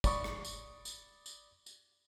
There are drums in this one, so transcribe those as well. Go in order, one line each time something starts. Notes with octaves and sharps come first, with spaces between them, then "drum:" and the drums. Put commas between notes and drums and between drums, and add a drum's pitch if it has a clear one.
D5 B5 C#6 D#6, drum: kick, tambourine
drum: rim click
drum: tambourine
drum: tambourine
drum: tambourine
drum: tambourine